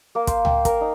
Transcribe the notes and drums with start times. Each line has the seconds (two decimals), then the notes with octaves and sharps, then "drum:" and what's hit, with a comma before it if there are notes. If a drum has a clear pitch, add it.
0.15 A#3
0.27 C5, drum: kick, hi-hat
0.45 G5, drum: tom C#2
0.65 A#4, drum: kick, hi-hat
0.81 D#4